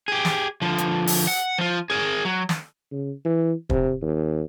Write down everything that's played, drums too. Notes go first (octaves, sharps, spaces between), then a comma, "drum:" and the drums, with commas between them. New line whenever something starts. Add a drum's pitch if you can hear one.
G4 G#4
drum: snare
D3 F3
drum: hi-hat
drum: open hi-hat
F#5
F3 F4
G#4 A#4
F#3
drum: snare
C#3
E3
C3, drum: kick
D#2